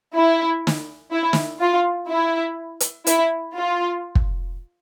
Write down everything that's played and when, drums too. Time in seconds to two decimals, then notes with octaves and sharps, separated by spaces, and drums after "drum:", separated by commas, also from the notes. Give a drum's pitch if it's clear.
0.15 E4
0.67 drum: snare
1.12 E4
1.33 drum: snare
1.61 F4
2.09 E4
2.80 drum: hi-hat
3.07 E4, drum: hi-hat
3.55 F4
4.15 drum: kick